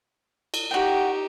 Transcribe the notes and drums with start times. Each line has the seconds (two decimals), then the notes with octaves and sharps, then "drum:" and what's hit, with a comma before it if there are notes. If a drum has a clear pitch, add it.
0.54 drum: cymbal
0.71 D#4 F#4 G4 G5